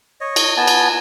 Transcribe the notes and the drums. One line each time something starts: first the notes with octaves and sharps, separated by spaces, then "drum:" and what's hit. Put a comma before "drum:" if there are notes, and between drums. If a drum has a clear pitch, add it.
C#5 D#5
drum: cymbal
B3 G#5 A5
drum: cymbal